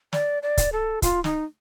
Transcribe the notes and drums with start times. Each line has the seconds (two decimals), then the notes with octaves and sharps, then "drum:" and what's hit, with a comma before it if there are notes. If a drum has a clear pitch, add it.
0.13 D5, drum: snare
0.42 D5
0.57 drum: kick C#1, hi-hat
0.72 A4
1.02 F4, drum: kick C#1, hi-hat
1.24 D#4, drum: snare